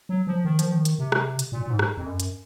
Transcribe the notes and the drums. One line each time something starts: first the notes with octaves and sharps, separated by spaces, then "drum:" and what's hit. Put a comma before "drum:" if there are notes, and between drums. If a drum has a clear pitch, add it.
F#3
F3
D#3
F3, drum: hi-hat
D#3
drum: hi-hat
C3
drum: rim click
drum: hi-hat
A#2
A#2
G#2
drum: rim click
F2
F#2
drum: hi-hat